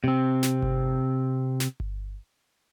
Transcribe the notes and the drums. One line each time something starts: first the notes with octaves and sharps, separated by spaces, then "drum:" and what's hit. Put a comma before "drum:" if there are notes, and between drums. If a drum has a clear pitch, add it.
C3 C4
drum: snare
drum: kick G1
drum: snare
drum: kick G1